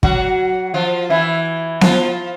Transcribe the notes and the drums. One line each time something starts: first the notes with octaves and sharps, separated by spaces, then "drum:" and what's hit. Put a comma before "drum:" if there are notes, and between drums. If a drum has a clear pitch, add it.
F#3 F#4, drum: kick
F3 F4
E3 E4
F3 F4, drum: snare B3